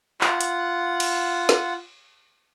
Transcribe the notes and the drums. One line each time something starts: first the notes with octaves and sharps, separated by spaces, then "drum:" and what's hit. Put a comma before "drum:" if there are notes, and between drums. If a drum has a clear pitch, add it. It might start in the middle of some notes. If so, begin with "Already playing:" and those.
F4 F#5, drum: clap
drum: hi-hat
drum: cymbal
drum: snare